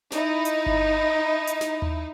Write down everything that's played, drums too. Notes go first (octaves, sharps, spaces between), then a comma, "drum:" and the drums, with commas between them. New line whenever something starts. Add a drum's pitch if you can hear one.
D#4 E4 D#5, drum: snare
drum: hi-hat
drum: kick G1
drum: hi-hat
drum: snare
drum: tom D#2